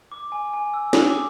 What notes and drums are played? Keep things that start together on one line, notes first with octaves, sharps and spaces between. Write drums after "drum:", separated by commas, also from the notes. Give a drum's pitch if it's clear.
D6
G#5
G#5
E6
D#6, drum: snare
D6